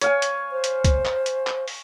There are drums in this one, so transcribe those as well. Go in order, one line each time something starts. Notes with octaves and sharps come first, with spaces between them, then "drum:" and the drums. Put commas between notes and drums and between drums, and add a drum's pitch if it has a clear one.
C#5 F5 G#5, drum: hi-hat
drum: hi-hat
C5
drum: hi-hat
drum: kick, hi-hat
drum: clap
drum: hi-hat
drum: clap
drum: open hi-hat